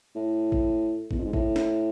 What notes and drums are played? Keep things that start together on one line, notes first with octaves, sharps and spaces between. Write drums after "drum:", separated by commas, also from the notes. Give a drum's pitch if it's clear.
A2
drum: kick
E2, drum: kick
F2
G#2
A2, drum: kick
drum: snare